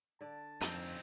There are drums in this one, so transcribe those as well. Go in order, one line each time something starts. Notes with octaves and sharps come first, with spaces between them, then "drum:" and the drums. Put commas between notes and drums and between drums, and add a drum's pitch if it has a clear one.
D3 D5 A5
F2 C4 D#4, drum: hi-hat